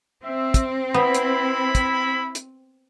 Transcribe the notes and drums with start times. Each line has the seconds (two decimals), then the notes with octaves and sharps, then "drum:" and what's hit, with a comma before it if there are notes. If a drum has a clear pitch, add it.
0.24 C4 E5
0.54 drum: kick, hi-hat
0.94 B3 E4 B5
1.15 drum: hi-hat
1.75 drum: kick, hi-hat
2.35 drum: hi-hat